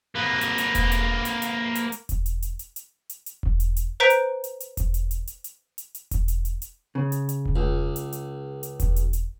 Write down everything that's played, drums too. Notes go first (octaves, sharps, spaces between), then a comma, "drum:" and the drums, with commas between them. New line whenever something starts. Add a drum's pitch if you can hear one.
A#3 B4
drum: hi-hat
drum: hi-hat
drum: kick E1, hi-hat
drum: hi-hat
drum: hi-hat
drum: hi-hat
drum: hi-hat
drum: hi-hat
drum: kick E1, hi-hat
drum: hi-hat
drum: hi-hat
drum: hi-hat
drum: hi-hat
drum: hi-hat
drum: hi-hat
drum: kick E1
drum: hi-hat
drum: hi-hat
B4 C5 A#5 G6 B6 D7
drum: hi-hat
drum: hi-hat
drum: hi-hat
drum: kick E1, hi-hat
drum: hi-hat
drum: hi-hat
drum: hi-hat
drum: hi-hat
drum: hi-hat
drum: hi-hat
drum: kick E1, hi-hat
drum: hi-hat
drum: hi-hat
drum: hi-hat
C#3
drum: hi-hat
drum: hi-hat
drum: kick E1
C#2
drum: hi-hat
drum: hi-hat
drum: hi-hat
drum: kick E1, hi-hat
drum: hi-hat
drum: hi-hat